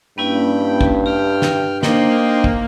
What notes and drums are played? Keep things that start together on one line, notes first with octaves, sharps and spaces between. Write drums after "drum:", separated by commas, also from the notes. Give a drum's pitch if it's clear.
G2 A#3 C#4 E4 G5 B5
drum: kick
G4 G5 F6
drum: snare
A#3 D4 D#4 C5 D#5 G5 C6, drum: snare
drum: kick